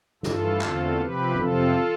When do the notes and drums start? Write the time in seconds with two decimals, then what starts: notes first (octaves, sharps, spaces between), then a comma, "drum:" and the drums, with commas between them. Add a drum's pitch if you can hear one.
0.23 G2 E3 A3 F4 A4, drum: snare
0.61 E2 D3 A3 C4, drum: clap
0.98 C3 F3 C4 G4 B4
1.35 F2 C3 F3 C4 F4 A4, drum: tom